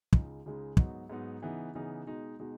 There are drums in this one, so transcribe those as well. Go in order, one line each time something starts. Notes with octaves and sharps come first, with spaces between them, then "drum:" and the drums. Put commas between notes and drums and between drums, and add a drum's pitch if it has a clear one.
C#2 C#3 G#3 D#4, drum: kick
C#2 C#3 G#3 D#4
G#2 F#3 B3 D#4, drum: kick
G#2 F#3 B3 D#4
C#3 E3 B3 D#4
C#3 E3 B3 D#4
B2 G#3 D#4
B2 G#3 D#4